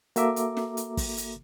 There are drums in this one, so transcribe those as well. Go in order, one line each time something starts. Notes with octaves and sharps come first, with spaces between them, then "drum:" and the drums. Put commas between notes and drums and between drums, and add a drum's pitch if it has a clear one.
A#3 F#4 A4 E5 A#5 D6, drum: hi-hat
drum: hi-hat
drum: snare
drum: hi-hat
drum: kick, open hi-hat
drum: hi-hat